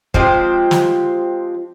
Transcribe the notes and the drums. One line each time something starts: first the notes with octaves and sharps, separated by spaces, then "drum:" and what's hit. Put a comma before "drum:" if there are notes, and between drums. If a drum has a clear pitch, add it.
F3 G#3 C4 G4, drum: kick
drum: snare